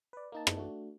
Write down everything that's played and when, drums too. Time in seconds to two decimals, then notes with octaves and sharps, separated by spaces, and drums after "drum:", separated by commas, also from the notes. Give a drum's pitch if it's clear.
0.13 B4 D5
0.32 A#3 D#4 A5
0.47 drum: rim click
0.57 A3 D4 F#4